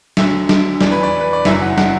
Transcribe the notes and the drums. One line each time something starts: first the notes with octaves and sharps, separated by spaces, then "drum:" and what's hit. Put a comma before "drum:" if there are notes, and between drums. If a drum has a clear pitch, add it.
D2 D3 F#3 E5, drum: snare
drum: snare
E2 E3 D5, drum: snare
B4
D5
B4
D5
F#1 F#2 E3 E5, drum: snare
F#5
F#5, drum: snare